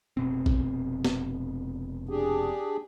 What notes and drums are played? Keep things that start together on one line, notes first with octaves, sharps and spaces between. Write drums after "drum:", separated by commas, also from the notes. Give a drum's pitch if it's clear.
F1 B2 C4
drum: kick A#1
drum: snare
D4 G4 G#4